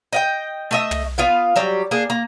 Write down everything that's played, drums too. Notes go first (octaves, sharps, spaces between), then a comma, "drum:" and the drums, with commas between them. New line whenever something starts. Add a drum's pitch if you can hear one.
D#5 F5 G5
A3 D#5 E5
drum: tom
B3 F4 F5
F#3 G3 G4
A#3 D4 G#4
A#3